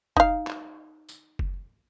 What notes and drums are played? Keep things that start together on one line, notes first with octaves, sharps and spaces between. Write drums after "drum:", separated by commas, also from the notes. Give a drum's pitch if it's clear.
D#4 F5, drum: kick F#1
drum: clap
drum: tambourine
drum: kick F#1